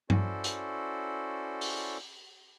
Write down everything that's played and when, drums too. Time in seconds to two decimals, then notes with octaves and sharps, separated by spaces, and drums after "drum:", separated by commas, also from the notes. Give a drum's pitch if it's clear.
0.10 C#4 E4 F#4 A4 C5 D5, drum: tom G2
0.44 drum: hi-hat
1.61 drum: open hi-hat